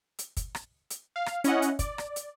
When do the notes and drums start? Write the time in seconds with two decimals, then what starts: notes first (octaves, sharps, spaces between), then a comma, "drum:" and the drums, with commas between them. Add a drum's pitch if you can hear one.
0.19 drum: hi-hat
0.37 drum: kick, hi-hat
0.55 drum: rim click
0.90 drum: hi-hat
1.16 F5
1.26 drum: rim click
1.44 C#4 E4 D#5 F#5, drum: hi-hat
1.62 drum: hi-hat
1.79 D5, drum: kick, hi-hat
1.98 drum: rim click
2.16 drum: hi-hat